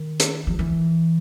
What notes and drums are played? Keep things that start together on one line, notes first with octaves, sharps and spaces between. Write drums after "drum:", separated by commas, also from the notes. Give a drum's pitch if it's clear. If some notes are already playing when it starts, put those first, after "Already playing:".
Already playing: D#3
drum: hi-hat
F3
E3